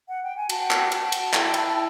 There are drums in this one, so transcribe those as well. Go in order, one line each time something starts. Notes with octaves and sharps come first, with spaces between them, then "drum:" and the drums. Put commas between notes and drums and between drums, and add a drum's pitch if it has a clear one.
F#5
G5
G#5
F#4 G5 A5, drum: cymbal
drum: clap
F#4 G5 A5, drum: cymbal
drum: cymbal
E4, drum: clap
drum: cymbal